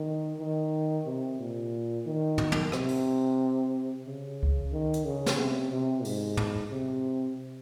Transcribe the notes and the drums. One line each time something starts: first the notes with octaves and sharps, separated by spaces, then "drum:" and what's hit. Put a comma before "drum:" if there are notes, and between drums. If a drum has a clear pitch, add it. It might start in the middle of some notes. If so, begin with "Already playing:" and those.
Already playing: D#3
D#3
C3
A#2
D#3
drum: tom
drum: tom
C3, drum: rim click
drum: open hi-hat
C#3
drum: kick C#2
D#3
drum: hi-hat
C#3
drum: snare
C3
C3
G#2, drum: open hi-hat
drum: tom
C3